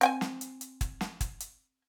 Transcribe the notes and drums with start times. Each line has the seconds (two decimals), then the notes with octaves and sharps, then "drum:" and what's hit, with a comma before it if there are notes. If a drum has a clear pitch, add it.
0.01 C4 G5 G#5, drum: hi-hat
0.21 drum: snare
0.41 drum: hi-hat
0.61 drum: hi-hat
0.81 drum: kick, hi-hat
1.01 drum: snare
1.21 drum: kick, hi-hat
1.40 drum: hi-hat